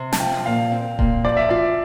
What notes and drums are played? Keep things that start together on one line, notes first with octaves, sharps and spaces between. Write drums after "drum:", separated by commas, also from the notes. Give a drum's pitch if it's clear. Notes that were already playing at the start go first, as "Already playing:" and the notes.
Already playing: C3
A5, drum: snare
F3 G5
A#2 F5
C4
A#2, drum: kick D#1
F3 D5
E5
F4 D5